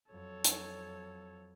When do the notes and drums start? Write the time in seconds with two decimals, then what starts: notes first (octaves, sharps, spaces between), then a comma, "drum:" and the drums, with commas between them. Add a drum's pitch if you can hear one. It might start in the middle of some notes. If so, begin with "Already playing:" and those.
0.10 F2 F#3 A4 C#5
0.44 drum: hi-hat